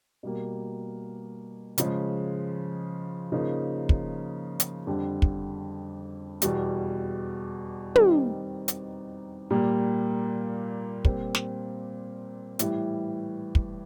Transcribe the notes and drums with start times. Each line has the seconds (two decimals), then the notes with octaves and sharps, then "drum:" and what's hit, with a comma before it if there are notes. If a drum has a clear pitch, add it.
0.23 B2 G3 A#3
1.78 C#3 F3 G#3, drum: hi-hat
3.32 C#3 F3 A#3 D#4
3.89 drum: kick
4.60 drum: hi-hat
4.87 F2 D3 G3
5.22 drum: kick
6.42 E2 B2 G3, drum: hi-hat
7.95 D#3 G3 C4 D#4, drum: tom
8.68 drum: hi-hat
9.50 A#2 G3 A#3
11.05 A#2 G3 C4, drum: kick
11.35 drum: snare
12.59 A2 E3 G3, drum: hi-hat
13.55 drum: kick